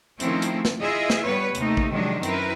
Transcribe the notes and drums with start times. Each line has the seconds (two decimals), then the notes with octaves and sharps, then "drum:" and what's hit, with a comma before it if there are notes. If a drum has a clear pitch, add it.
0.20 D#3 F3 A3 C4 C#4 E4, drum: hi-hat
0.42 drum: hi-hat
0.65 drum: snare
0.80 E4 F4 G#4 D#5 E5
1.10 drum: snare
1.24 G3 B3 B4 C#5
1.55 D#2 C3 A3 D#4, drum: hi-hat
1.77 drum: kick A1
1.91 C3 D#3 F3 F#3 G#3 D4
2.23 F#2 C4 E4 A#4 B4, drum: hi-hat